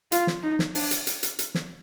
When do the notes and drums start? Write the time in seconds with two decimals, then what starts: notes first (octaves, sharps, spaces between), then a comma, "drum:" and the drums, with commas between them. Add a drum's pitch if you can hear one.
0.12 F4, drum: hi-hat
0.27 drum: snare
0.43 D#4
0.59 drum: snare
0.75 D4, drum: open hi-hat
0.91 drum: hi-hat
1.07 drum: hi-hat
1.23 drum: hi-hat
1.39 drum: hi-hat
1.55 drum: snare